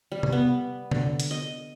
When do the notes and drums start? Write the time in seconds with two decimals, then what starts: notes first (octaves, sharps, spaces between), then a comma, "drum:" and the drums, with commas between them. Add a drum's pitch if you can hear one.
0.12 G3
0.23 drum: tom C3
0.32 B3
0.91 D3, drum: tom C3
1.20 drum: hi-hat
1.31 D#5